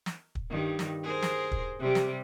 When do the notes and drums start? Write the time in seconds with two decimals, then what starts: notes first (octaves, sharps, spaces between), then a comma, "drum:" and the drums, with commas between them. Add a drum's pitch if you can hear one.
0.06 drum: snare
0.35 drum: kick
0.50 G2 D#3
0.79 drum: snare
1.03 G#4 A#4 C5
1.22 drum: snare
1.52 drum: kick
1.80 C3 G3
1.95 drum: snare